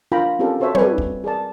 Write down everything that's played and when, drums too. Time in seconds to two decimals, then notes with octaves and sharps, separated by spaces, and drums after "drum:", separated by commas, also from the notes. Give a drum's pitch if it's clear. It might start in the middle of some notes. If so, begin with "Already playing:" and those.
0.12 D4 F4 A#4 G5 A#5 B5
0.39 C4 C#4 F4 G4 A4 A#4
0.60 F#4 A4 C5 C#5 E5
0.75 G3 C4 B4 D5 G#5, drum: tom
0.98 drum: kick
1.24 G#4 A#4 D5 A5